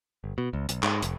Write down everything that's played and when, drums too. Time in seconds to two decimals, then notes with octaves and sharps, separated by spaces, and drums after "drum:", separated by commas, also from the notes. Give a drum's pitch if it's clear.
0.24 G1
0.38 B2
0.53 C#2
0.69 B1, drum: hi-hat
0.83 G#2, drum: clap
1.02 F1, drum: hi-hat